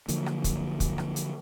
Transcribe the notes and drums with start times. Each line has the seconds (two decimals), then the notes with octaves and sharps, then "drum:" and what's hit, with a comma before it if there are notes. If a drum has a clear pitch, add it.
0.08 D3 F3 F#3 A#3, drum: hi-hat
0.26 drum: rim click
0.44 drum: kick, hi-hat
0.80 drum: kick, hi-hat
0.98 drum: rim click
1.16 drum: hi-hat